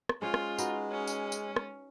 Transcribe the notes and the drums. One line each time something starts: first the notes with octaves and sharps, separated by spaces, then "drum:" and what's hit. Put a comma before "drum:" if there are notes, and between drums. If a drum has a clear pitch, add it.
drum: rim click
G#3 C#4 F4 C5 C#5
drum: rim click
D#4 F#4 B4, drum: tambourine
C#4
drum: tambourine
drum: tambourine
drum: rim click